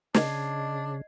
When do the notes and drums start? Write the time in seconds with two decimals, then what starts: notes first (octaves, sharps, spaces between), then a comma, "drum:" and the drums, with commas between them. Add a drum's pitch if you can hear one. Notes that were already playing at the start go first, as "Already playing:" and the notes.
0.14 C#3 D4 D#5 G#6 C7, drum: snare